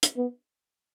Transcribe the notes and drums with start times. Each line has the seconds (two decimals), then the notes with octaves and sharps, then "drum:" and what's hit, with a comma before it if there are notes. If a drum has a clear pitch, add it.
0.03 drum: hi-hat
0.17 B3